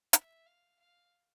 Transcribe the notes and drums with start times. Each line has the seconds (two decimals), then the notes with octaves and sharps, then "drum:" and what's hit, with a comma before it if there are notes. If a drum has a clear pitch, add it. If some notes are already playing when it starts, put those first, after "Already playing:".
0.13 E5, drum: hi-hat
0.46 F5
0.79 F5